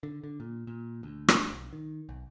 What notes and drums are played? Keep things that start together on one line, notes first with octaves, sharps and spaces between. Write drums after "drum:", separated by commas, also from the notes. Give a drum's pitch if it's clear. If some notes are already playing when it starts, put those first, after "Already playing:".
D3
D3
A#2
A#2
D2
drum: rim click
D4
B1
D#3
B1